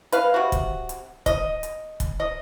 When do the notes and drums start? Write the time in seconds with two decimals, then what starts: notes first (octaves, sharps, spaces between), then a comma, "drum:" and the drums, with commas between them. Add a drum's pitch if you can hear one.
0.12 B4 F5, drum: hi-hat
0.34 C3 F#4
0.52 drum: kick, hi-hat
0.89 drum: hi-hat
1.26 D#5, drum: kick, hi-hat
1.63 drum: hi-hat
2.00 drum: kick, hi-hat
2.20 D#5